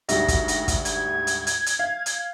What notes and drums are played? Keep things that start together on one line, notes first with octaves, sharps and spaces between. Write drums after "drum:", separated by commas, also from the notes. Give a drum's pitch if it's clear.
D2 G#2 G3 A#6, drum: hi-hat
drum: kick, hi-hat
drum: hi-hat
drum: kick, hi-hat
G#6, drum: hi-hat
drum: hi-hat
drum: hi-hat
drum: hi-hat
F5
drum: hi-hat